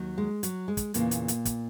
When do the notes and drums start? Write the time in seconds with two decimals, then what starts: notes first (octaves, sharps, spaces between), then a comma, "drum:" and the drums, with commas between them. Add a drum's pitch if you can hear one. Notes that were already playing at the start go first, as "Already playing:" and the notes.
Already playing: D#2 D#3 F#3
0.18 G#3
0.43 F#3, drum: hi-hat
0.68 G#3
0.77 drum: kick, hi-hat
0.94 E2 A#2 C#3 E3 A#3, drum: hi-hat
1.11 drum: hi-hat
1.28 drum: hi-hat
1.45 drum: kick, hi-hat